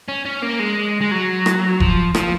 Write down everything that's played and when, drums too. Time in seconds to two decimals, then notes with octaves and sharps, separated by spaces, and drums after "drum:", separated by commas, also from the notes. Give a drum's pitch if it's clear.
0.08 C#4
0.25 C#4
0.42 A#3
0.59 G#3
1.01 G#3
1.11 F#3
1.46 drum: rim click
1.80 F3, drum: kick F1
2.15 F3, drum: rim click